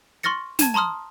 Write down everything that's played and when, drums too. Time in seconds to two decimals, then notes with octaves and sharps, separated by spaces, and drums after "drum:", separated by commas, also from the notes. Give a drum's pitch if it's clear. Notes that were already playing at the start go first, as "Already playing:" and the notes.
0.23 C6 C#6 F6 A6 A#6 C#7
0.59 A5 G#6 D#7 E7, drum: snare
0.74 A5 A#5 C6 D#6 F6